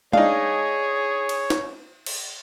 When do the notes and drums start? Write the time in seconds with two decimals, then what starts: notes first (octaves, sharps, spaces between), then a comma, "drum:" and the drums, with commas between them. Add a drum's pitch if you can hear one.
0.13 D4 D#4 G#4 C#5 F5, drum: tom G#3
1.29 drum: cymbal
1.50 drum: snare
2.06 drum: cymbal